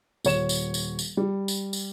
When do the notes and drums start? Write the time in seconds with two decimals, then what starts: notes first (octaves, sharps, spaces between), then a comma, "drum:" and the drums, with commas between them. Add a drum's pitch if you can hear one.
0.25 D#1 C#5 E7, drum: tambourine
0.49 drum: tambourine
0.74 drum: tambourine
0.99 drum: tambourine
1.17 G3
1.48 drum: tambourine
1.73 drum: tambourine